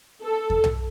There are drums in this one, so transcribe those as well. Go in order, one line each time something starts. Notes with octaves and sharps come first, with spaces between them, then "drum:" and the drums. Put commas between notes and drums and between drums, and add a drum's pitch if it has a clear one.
A4
drum: kick E2
drum: tom B1